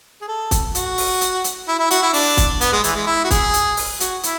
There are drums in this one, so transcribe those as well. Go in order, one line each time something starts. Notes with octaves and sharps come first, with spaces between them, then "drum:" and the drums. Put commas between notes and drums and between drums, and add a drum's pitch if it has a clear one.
G#4
A4
drum: kick, hi-hat
F#4, drum: hi-hat
drum: open hi-hat
drum: hi-hat
drum: hi-hat
E4
E4
F#4, drum: hi-hat
E4
D4, drum: open hi-hat
drum: kick, hi-hat
B3, drum: hi-hat
G#3
E3, drum: hi-hat
G#3
E4
F#4
G#4, drum: kick, hi-hat
drum: hi-hat
drum: open hi-hat
F#4, drum: hi-hat
E4, drum: hi-hat